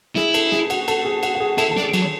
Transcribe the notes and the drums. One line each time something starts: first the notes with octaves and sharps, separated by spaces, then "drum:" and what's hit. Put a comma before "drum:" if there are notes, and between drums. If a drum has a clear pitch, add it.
E4 G#4, drum: snare
A4, drum: cymbal
G#4, drum: snare
F#4, drum: cymbal
A4, drum: cymbal
G#4
F#4, drum: cymbal
F#4
G#4
E4 A4, drum: cymbal
A4
D4, drum: snare
G#4
F#3, drum: cymbal